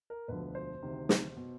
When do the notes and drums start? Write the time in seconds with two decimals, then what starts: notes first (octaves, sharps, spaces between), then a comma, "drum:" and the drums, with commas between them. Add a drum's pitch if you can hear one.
0.10 A#4
0.28 E1 D2 D3 F3 B4
0.55 C5
0.82 D2 C3 D#3
1.09 drum: snare
1.36 B2